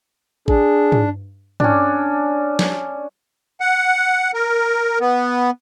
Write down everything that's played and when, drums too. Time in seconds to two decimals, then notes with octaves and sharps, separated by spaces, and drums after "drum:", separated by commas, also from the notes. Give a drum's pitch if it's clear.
0.48 D4 G#4, drum: kick
0.92 drum: tom
1.60 C#4 D4, drum: tom
2.59 drum: snare
3.61 F#5
4.34 A#4
5.01 B3